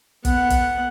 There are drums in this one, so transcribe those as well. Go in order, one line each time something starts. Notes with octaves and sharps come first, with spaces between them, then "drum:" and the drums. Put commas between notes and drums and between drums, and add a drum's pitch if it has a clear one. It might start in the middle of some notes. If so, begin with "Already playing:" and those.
B3 F#5, drum: kick, hi-hat
drum: kick, hi-hat